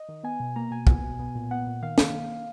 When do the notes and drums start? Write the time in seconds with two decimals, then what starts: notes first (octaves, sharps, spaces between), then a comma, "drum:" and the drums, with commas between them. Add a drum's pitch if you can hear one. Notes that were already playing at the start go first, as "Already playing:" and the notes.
Already playing: D#5
0.09 D#3
0.24 B3 G#5
0.40 B2
0.56 A#3 A#5
0.71 B2 G#5
0.87 B3 G#5, drum: kick
1.03 B2
1.19 B3
1.35 A#2
1.51 B3 F#5
1.67 A#2
1.82 D#3 F5
1.98 A#3, drum: snare